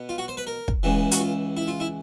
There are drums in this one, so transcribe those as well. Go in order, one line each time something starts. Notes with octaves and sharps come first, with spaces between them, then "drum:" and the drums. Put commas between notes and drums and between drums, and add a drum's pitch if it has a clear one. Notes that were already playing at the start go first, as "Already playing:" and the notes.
Already playing: B2 B3
F4
F#4
C5
B4
A#4
drum: kick
C#2 C#3 E3
F#4, drum: hi-hat
F4
E4
F4
E4